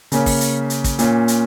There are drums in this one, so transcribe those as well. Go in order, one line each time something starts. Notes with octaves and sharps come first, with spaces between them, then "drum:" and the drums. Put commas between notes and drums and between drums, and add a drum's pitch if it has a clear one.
C#3 A#3 C#4, drum: hi-hat
drum: kick, open hi-hat
drum: hi-hat
drum: hi-hat
drum: kick, hi-hat
A#2 A#3 C#4, drum: hi-hat
drum: hi-hat